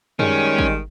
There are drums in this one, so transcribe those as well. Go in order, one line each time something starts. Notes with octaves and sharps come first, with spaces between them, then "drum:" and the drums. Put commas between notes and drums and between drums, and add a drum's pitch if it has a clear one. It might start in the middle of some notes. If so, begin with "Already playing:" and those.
D#3 G3 G#3 C#4, drum: tom F#2
drum: kick